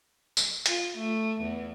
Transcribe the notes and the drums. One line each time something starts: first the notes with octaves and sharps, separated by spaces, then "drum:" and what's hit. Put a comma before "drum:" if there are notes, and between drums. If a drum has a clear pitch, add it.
drum: tambourine
F4, drum: hi-hat
A3
E2